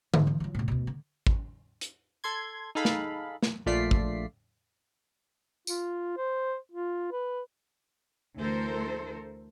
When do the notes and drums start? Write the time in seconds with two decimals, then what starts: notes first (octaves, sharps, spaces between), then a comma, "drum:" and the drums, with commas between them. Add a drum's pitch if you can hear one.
0.14 G#2, drum: tom D3
0.27 E3
0.40 F#3 F4
0.55 A2 C3
0.68 D2 B2
0.87 D3
1.27 drum: kick
1.81 drum: hi-hat
2.24 A4 C6 G#6
2.75 D#4 G#4 A4 F5 B5
2.85 drum: snare
3.43 drum: snare
3.66 A#1 A3 F4 D5 B6 C7
3.91 drum: kick
5.67 F4, drum: tambourine
6.17 C5
6.72 F4
7.11 B4
8.37 D2 E3 A4 A#4 C5